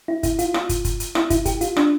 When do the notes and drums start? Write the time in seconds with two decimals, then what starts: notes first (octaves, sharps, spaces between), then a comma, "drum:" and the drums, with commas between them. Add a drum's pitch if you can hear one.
0.08 E4
0.23 E4, drum: kick, hi-hat
0.39 F4, drum: hi-hat
0.54 F4, drum: rim click
0.69 drum: kick, hi-hat
0.85 drum: kick, hi-hat
1.00 drum: hi-hat
1.15 E4, drum: rim click
1.30 E4, drum: kick, hi-hat
1.45 G4, drum: kick, hi-hat
1.61 F4, drum: hi-hat
1.76 D4, drum: rim click